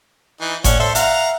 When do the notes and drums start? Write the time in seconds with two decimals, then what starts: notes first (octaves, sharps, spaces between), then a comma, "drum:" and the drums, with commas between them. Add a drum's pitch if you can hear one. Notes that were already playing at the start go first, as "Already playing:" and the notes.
0.41 E3 D#4
0.64 A2 C#4 C#5 D5 F#5, drum: kick G1, hi-hat
0.80 A4 C5 E5
0.95 F5 F#5 A#5, drum: hi-hat